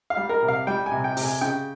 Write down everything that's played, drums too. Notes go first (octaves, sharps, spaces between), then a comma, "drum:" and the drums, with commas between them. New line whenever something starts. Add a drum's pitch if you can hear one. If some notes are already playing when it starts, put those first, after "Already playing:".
F5
G3
A#4
C3
F5
G3 G5
G#5
C3
G5
C3, drum: open hi-hat
G#5
C#3 G5